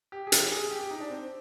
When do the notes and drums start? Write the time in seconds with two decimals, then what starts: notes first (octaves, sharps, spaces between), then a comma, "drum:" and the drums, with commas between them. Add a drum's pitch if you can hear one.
0.12 G4
0.27 G#4
0.32 G4, drum: hi-hat
0.51 G#4
0.71 G4
0.81 G4
0.91 D#4
1.00 D4
1.10 C4